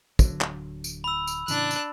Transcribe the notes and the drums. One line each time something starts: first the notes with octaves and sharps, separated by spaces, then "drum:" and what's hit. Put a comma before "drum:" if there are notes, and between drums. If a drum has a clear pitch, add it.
D1 D3 F#3, drum: kick, tambourine
drum: clap
drum: tambourine
B5 E6
drum: tambourine
A2 C#3 E3 D4 F#6, drum: tambourine
drum: tambourine